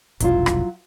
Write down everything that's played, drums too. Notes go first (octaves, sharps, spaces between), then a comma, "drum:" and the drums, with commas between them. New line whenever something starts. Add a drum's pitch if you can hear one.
F1 B1 G2 F#3 E4 F4, drum: kick, hi-hat
drum: rim click